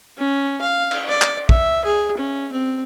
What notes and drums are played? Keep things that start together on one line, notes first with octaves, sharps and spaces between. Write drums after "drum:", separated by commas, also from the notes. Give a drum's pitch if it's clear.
C#4
F5
drum: cymbal
D5
drum: clap
E5, drum: kick
G#4
C#4
C4